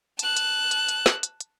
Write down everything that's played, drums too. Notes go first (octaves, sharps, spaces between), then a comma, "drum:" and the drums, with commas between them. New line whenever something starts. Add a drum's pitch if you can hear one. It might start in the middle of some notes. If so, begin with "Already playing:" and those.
A5 F#6, drum: hi-hat
drum: hi-hat
drum: hi-hat
drum: hi-hat
drum: snare
drum: hi-hat
drum: hi-hat